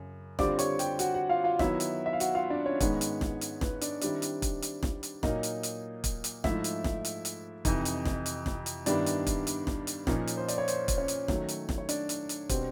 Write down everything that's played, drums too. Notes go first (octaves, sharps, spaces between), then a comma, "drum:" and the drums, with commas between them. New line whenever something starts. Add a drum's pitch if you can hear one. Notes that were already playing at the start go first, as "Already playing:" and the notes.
Already playing: F#2 C#3
D3 G3 C4 F4 D5 D6, drum: snare
C#5 C#6, drum: hi-hat
G4 G5, drum: hi-hat
F#4 F#5, drum: hi-hat
F#4 F#5
F4 F5
F4 F5
D#3 F#3 B3 E4 E5, drum: snare
drum: hi-hat
E5
F5
F#4 F#5, drum: hi-hat
F4 F5
D4 D5
C#4 C#5
G#2 D#3 G#3 B3, drum: kick, hi-hat
drum: hi-hat
drum: snare
drum: hi-hat
B4, drum: snare
D4 D5, drum: hi-hat
D#3 G3 C4 D4 E4 D5, drum: hi-hat
drum: hi-hat
drum: kick, hi-hat
drum: hi-hat
drum: snare
drum: hi-hat
A#2 F#3 A#3 D#4 D#5, drum: snare
drum: hi-hat
drum: hi-hat
drum: kick, hi-hat
drum: hi-hat
G#2 F3 A3 E4 E5, drum: snare
drum: hi-hat
drum: snare
drum: hi-hat
drum: hi-hat
F2 C3 E3 D#4 D#5, drum: kick, hi-hat
drum: hi-hat
drum: snare
drum: hi-hat
drum: snare
drum: hi-hat
G2 D#3 G3 B3 D4 E4 D5, drum: hi-hat
drum: hi-hat
drum: kick, hi-hat
drum: hi-hat
drum: snare
drum: hi-hat
A#2 F3 A#3 C#4 D#4 C#5, drum: snare
drum: hi-hat
C5
D5, drum: hi-hat
C#5
C5, drum: hi-hat
drum: kick, hi-hat
C#4 C#5
drum: hi-hat
D#3 F#3 A3, drum: snare
drum: hi-hat
drum: snare
C#5
D4 D5, drum: hi-hat
drum: hi-hat
drum: hi-hat
B2 G3 C4, drum: kick, hi-hat